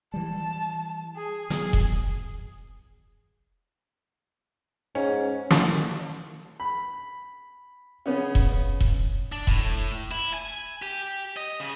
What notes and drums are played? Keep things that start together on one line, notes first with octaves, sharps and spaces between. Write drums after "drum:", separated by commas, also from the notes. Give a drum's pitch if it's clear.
E3 G3 A5
G#4
D#3 F#3 B3 G#4, drum: hi-hat
drum: kick E1
G#2 C#4
drum: snare
B5
C#3 B3 C#4
drum: kick E1
drum: kick E1
D4
A2, drum: kick E1
E4
G#5
G4
D#5
C#3